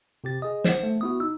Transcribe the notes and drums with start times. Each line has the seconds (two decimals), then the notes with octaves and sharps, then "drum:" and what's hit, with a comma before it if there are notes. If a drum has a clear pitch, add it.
0.24 C3 G4 A6
0.42 G#4 D#5 D#6
0.64 C5 F#5, drum: snare
0.83 A3
1.01 B3 E4 F#4 D#6
1.20 D#4 E6